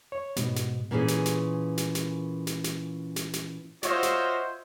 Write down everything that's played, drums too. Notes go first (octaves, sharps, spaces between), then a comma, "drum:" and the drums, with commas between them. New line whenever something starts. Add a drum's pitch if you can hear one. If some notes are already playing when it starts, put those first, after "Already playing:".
C#5
G#2 B2 B3, drum: snare
drum: snare
A#2 E3 C#4 G#4
drum: snare
drum: snare
drum: snare
drum: snare
drum: snare
drum: snare
drum: snare
drum: snare
F4 F#4 C5 C#5 D#5 E5, drum: snare
drum: snare